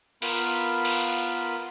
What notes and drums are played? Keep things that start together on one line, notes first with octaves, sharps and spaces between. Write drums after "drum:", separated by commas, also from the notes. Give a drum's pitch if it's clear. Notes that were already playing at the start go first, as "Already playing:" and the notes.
B3 F4 A#4 B4 F5 B5, drum: cymbal
drum: cymbal